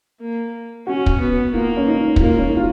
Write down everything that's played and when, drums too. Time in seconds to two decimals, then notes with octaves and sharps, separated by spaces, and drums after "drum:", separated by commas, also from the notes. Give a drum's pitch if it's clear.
0.20 A#3
0.87 C#4 F#4
1.06 drum: kick
1.20 B3
1.54 A#3 F4
1.77 C#4
1.87 D#4
2.16 D#4, drum: kick
2.20 A#3 F4
2.39 C#4
2.47 D#4
2.57 F4